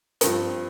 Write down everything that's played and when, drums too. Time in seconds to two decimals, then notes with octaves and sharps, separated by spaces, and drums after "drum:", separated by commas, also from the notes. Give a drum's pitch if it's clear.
0.21 G2 F3 C4, drum: hi-hat